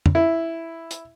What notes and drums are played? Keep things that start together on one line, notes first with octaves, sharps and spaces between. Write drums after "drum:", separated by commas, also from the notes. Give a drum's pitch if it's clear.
drum: tom F2
E4
drum: hi-hat